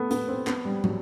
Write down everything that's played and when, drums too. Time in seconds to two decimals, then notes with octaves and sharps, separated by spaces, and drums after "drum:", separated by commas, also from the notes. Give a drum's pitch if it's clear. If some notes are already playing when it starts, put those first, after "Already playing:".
Already playing: A3 B3
0.11 B3, drum: hi-hat
0.28 C4
0.47 B3, drum: clap
0.65 G3
0.84 F#3, drum: tom